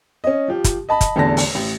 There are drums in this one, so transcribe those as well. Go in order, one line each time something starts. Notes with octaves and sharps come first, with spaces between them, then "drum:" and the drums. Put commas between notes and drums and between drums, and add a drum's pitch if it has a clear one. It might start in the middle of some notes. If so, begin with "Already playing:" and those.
C#4 D#5
F3 G4
drum: kick, hi-hat
D#5 A5 B5
drum: kick, hi-hat
A1 E2 D3 A5 A#6
drum: open hi-hat
A1